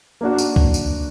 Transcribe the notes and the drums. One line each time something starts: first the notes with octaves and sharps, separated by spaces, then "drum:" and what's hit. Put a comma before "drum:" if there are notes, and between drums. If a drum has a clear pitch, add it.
A#3 D4 F#4
drum: tambourine
drum: kick C2
drum: tambourine